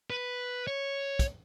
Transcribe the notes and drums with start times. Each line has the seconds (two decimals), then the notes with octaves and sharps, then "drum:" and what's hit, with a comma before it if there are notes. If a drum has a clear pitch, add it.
0.10 B4
0.67 C#5
1.19 drum: kick, hi-hat